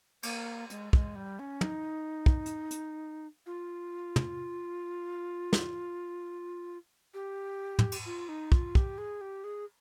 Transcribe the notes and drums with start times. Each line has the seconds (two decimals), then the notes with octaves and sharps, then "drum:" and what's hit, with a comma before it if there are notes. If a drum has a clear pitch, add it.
0.23 A#3, drum: cymbal
0.70 G#3, drum: hi-hat
0.93 G#3, drum: kick
1.16 G3
1.39 C#4
1.61 D#4, drum: tom
2.26 drum: kick
2.46 drum: hi-hat
2.71 drum: hi-hat
3.46 F4
4.16 drum: tom
5.53 drum: snare
7.14 G4
7.79 drum: tom
7.92 drum: cymbal
8.06 F4
8.29 D#4
8.52 F4, drum: kick
8.75 G4, drum: kick
8.98 G#4
9.21 G4
9.44 G#4